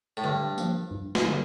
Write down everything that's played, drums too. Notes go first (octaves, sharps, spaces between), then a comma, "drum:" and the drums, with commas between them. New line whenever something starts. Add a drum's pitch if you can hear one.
A2
G2 D3
F3 A#3, drum: tambourine
G2
drum: snare
D3 G3 A#3